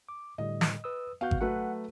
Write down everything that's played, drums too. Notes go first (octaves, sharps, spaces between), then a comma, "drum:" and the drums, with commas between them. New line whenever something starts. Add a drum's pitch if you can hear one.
D6
A2 D3 G3 D#5
drum: snare
B4 D#6 E6
B3 F#4 F5 F#5 G6
drum: kick G#1
F#3 A3 B4 F#5